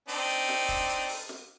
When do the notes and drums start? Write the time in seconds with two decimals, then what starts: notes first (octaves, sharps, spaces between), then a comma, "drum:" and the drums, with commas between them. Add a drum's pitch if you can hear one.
0.09 C4 D4 D#4, drum: hi-hat
0.29 drum: hi-hat
0.49 drum: snare
0.69 drum: kick, hi-hat
0.89 drum: hi-hat
1.09 drum: open hi-hat
1.29 drum: snare